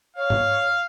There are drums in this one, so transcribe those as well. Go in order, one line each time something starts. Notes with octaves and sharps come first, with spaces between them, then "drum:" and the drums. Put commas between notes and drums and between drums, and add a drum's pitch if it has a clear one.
C#5 F5
drum: tom G#2